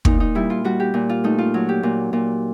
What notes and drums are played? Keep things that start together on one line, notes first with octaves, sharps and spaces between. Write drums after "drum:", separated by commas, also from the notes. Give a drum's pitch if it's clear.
A#2 D#4, drum: kick
D#4
G3 E4
F4
G3 F#4
G4
A#2
F4
A3 D#4
F4
F#3
G4
A#2
A#2